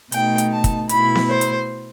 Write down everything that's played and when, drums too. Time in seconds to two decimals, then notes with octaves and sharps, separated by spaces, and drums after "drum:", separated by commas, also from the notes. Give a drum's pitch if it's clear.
0.12 B2 A3 D#4 G5, drum: hi-hat
0.38 drum: hi-hat
0.51 A5
0.64 drum: kick, hi-hat
0.89 B2 A3 E4 B5, drum: hi-hat
1.15 drum: snare B3
1.28 C5
1.41 drum: hi-hat